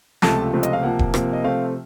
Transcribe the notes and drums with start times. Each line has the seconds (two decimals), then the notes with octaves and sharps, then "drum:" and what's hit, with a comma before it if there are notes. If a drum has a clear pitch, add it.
0.22 C#2 C3 F3 A3 A5, drum: snare
0.53 C#2 C3 F3 A3
0.63 D#5, drum: hi-hat
0.73 F5
0.83 C3 F3 A#3 F#5
0.99 drum: kick D#1
1.14 C3 F3 A#3, drum: rim click
1.33 D#5
1.44 C3 F3 A3 C4 F5